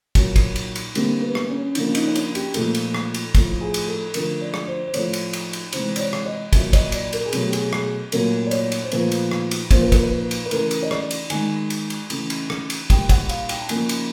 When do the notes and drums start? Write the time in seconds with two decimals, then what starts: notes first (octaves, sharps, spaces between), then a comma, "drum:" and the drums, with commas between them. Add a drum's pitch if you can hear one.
0.15 A#2 F#3 A#3, drum: kick, cymbal
0.36 drum: kick, cymbal
0.56 drum: cymbal
0.76 drum: cymbal
0.95 D3 G3 A#3 C4, drum: cymbal
1.22 B3
1.35 drum: rim click
1.49 C#4
1.75 C#3 F3 A#3 D4, drum: cymbal
1.95 D#4, drum: cymbal
2.06 C#4
2.15 D4, drum: cymbal
2.35 G4, drum: cymbal
2.54 A#2 F3 A3 A4, drum: cymbal
2.75 drum: cymbal
2.94 drum: rim click
3.14 drum: cymbal
3.35 A2 F3 A3, drum: kick, cymbal
3.61 G#4
3.74 drum: cymbal
3.87 A4
4.14 D3 F3 A3 A#4, drum: cymbal
4.41 D5
4.54 drum: rim click
4.67 C5
4.87 C5
4.94 A2 F3 A3 C#5, drum: cymbal
5.13 drum: cymbal
5.33 drum: cymbal
5.53 drum: cymbal
5.73 C3 E3 G#3 C5, drum: cymbal
5.96 D5, drum: cymbal
5.99 C#5
6.13 drum: rim click
6.26 D#5
6.53 A#2 F#3 A#3 E5, drum: kick, cymbal
6.73 D#5, drum: kick, cymbal
6.92 D5, drum: cymbal
7.13 A#4, drum: cymbal
7.25 G#4
7.33 B2 F#3 A3 A4, drum: cymbal
7.47 G4
7.53 G#4, drum: cymbal
7.73 G#4, drum: rim click
8.12 A#2 F#3 A3 A#4, drum: cymbal
8.46 D5
8.51 C#5, drum: cymbal
8.72 drum: cymbal
8.83 C5
8.92 A#2 F3 A3 B4, drum: cymbal
9.12 drum: cymbal
9.31 drum: rim click
9.51 drum: cymbal
9.71 A#2 F3 A#3 C5, drum: kick, cymbal
9.82 B4
9.92 A#4, drum: kick, cymbal
10.03 B4
10.31 drum: cymbal
10.45 B4
10.51 C#3 E3 A3 A#4, drum: cymbal
10.71 drum: cymbal
10.83 D#5
10.91 D5, drum: rim click
11.11 drum: cymbal
11.30 D#3 G#3 G#5, drum: cymbal
11.70 drum: cymbal
11.90 drum: cymbal
12.10 C#3 E3 A3, drum: cymbal
12.30 drum: cymbal
12.50 drum: rim click
12.70 drum: cymbal
12.90 A#2 G3 A#3 G5, drum: kick, cymbal
13.09 F#5, drum: kick, cymbal
13.29 F5, drum: cymbal
13.49 G5, drum: cymbal
13.61 A5
13.69 C#3 F3 A#3 G#5, drum: cymbal
13.89 drum: cymbal